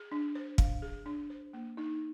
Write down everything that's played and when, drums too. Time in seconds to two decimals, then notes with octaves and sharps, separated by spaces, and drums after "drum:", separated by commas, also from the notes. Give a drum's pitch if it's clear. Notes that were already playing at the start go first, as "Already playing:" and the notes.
Already playing: G#4
0.12 D4
0.35 C5
0.58 F5, drum: kick
0.82 G#4
1.06 D4
1.30 C5
1.53 A#3
1.77 D#4